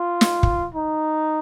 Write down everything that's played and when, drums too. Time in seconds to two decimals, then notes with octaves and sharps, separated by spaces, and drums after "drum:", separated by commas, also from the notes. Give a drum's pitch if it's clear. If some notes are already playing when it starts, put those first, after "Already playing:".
Already playing: F4
0.21 drum: snare
0.43 drum: kick
0.75 D#4